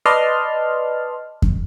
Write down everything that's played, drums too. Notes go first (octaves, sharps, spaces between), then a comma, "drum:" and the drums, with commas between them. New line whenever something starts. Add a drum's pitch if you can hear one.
B4 D5 D#5 A5 C6 F6
drum: kick F2